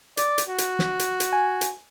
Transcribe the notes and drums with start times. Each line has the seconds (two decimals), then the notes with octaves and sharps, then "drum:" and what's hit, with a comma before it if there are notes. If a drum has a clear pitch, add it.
0.17 D5, drum: hi-hat
0.38 drum: hi-hat
0.48 F#4
0.58 drum: hi-hat
0.79 drum: snare
0.99 drum: hi-hat
1.20 drum: hi-hat
1.33 G#5
1.61 drum: hi-hat